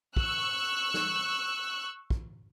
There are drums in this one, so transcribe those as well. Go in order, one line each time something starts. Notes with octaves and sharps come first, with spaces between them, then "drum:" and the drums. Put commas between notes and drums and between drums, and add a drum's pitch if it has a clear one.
C#6 E6 F#6, drum: kick
drum: snare
drum: kick